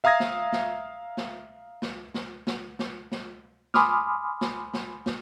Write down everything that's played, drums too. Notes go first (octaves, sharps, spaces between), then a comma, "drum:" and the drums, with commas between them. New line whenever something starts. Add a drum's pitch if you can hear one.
E5 F5 A#5 D#6 G#6 A#6
drum: snare
drum: snare
drum: snare
drum: snare
drum: snare
drum: snare
drum: snare
drum: snare
G#5 B5 C6 D6 D#6 F6, drum: snare
drum: snare
drum: snare
drum: snare